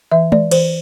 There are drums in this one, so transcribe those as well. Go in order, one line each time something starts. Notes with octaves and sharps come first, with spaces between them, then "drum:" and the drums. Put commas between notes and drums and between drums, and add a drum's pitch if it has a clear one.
E3 E5
E3 D5, drum: tom G#3
E3 C5, drum: cymbal